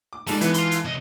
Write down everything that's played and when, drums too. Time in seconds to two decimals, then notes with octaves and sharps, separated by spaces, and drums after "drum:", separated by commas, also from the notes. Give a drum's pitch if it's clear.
0.13 D6
0.27 G3 G#3 D#4 A4 D5, drum: open hi-hat
0.41 E3 B3 B4, drum: hi-hat
0.54 F5 C6, drum: hi-hat
0.71 drum: hi-hat
0.85 C2 D#5